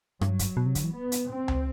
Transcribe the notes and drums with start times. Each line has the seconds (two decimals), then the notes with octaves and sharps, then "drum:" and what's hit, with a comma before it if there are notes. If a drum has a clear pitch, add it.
0.21 G2 F#3, drum: rim click
0.39 drum: kick, hi-hat
0.57 B2
0.66 C3
0.75 D3, drum: kick, hi-hat
0.84 E3
0.94 B3
1.12 drum: hi-hat
1.30 C4
1.48 drum: tom C#2